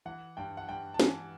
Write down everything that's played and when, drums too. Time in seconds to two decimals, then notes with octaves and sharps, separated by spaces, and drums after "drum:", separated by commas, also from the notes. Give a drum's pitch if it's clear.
0.05 E3 F#5
0.37 G2 G5
0.57 F#5
0.69 G2 G5
0.94 A5
1.00 E3 G#5, drum: snare